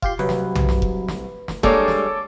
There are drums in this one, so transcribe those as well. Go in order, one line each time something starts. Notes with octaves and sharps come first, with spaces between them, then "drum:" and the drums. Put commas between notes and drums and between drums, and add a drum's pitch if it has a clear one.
F4 G4 C6, drum: kick F1
C2 F#3 B4
drum: snare
drum: tom B1
drum: snare
drum: kick F1
drum: snare
drum: snare
G3 G#3 A#3 D4 A4 C#5 D6, drum: kick F1
drum: snare